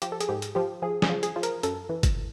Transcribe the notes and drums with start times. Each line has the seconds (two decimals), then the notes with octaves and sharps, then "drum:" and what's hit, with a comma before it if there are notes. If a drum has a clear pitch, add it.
0.02 F3 G4, drum: hi-hat
0.12 A4
0.21 G#4, drum: hi-hat
0.29 G#2 G4
0.42 drum: hi-hat
0.55 F3 G4
0.82 F3 G#4
1.02 G#4, drum: snare
1.10 F3
1.23 G#4, drum: hi-hat
1.36 F3
1.43 A#4, drum: hi-hat
1.63 F#2 A4, drum: hi-hat
1.89 E3
2.03 drum: kick, hi-hat